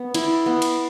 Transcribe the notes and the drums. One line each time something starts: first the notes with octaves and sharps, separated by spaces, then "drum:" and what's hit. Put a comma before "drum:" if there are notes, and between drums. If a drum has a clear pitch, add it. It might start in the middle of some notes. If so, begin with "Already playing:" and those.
Already playing: B3
E4, drum: cymbal
B3
drum: cymbal